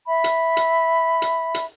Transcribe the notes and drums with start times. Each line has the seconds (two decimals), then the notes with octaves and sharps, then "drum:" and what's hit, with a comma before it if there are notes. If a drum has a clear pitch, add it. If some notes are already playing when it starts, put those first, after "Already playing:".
0.08 E5 B5
0.24 drum: hi-hat
0.57 drum: hi-hat
1.22 drum: hi-hat
1.54 drum: hi-hat